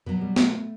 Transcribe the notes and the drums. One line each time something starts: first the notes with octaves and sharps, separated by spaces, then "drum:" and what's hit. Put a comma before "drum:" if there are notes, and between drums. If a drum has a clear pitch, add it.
B2 F#3 B3
G3
A3, drum: snare